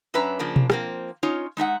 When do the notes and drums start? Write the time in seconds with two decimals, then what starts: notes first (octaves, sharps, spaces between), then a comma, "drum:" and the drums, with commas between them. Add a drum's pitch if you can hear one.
0.14 F#2 C#4 D4 B4 E5 A#5
0.39 C#3 F3 A#3 D4
0.56 drum: tom B2
0.70 F3 A#3 C4, drum: rim click
1.23 C#4 D#4 F4 C#5
1.57 G#3 D#4 E5 F#5